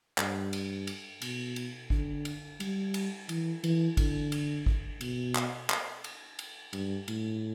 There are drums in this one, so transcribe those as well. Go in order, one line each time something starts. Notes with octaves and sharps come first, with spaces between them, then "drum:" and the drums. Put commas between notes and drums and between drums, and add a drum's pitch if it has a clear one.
G2, drum: clap
drum: cymbal
drum: cymbal
B2, drum: cymbal
drum: cymbal
D3, drum: kick
drum: cymbal
G3, drum: cymbal
drum: cymbal
E3, drum: cymbal
E3, drum: cymbal
D3, drum: kick, cymbal
drum: cymbal
drum: kick
B2, drum: cymbal
drum: clap
drum: clap
drum: cymbal
drum: cymbal
G2, drum: cymbal
A2, drum: cymbal